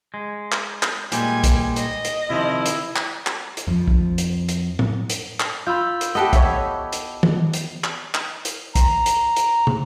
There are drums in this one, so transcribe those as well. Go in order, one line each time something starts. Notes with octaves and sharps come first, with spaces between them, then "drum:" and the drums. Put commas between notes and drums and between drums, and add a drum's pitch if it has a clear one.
G#3
drum: clap
drum: clap
A#2 G3 G#3 G#5, drum: hi-hat
drum: kick, hi-hat
D#5, drum: hi-hat
drum: hi-hat
C3 D#3 F3 E4
drum: hi-hat
drum: clap
drum: clap
drum: hi-hat
F2 F3
drum: kick
drum: hi-hat
drum: hi-hat
drum: tom A2
drum: hi-hat
drum: clap
F4 B5 E6 G6
drum: hi-hat
B3 G4 A4 B4 D#5
C#5 E5, drum: kick, hi-hat
drum: hi-hat
drum: tom
drum: hi-hat
drum: clap
drum: clap
drum: hi-hat
A#5, drum: kick, hi-hat
drum: hi-hat
drum: hi-hat
drum: tom